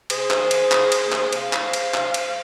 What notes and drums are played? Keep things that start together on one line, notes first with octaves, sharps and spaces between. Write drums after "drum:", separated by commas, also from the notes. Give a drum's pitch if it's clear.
C3 G#4 C5, drum: cymbal
drum: clap
D#3 A#3
drum: cymbal
C3, drum: clap
drum: cymbal
D#3 A#3
drum: clap
C3 C5 F5, drum: cymbal
drum: clap
G#3
drum: cymbal
C3, drum: clap
drum: cymbal
G#3